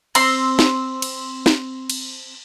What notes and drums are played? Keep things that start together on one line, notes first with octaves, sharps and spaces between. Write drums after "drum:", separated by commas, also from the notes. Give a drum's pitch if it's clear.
C4 C6, drum: cymbal
drum: snare
drum: cymbal
drum: snare
drum: cymbal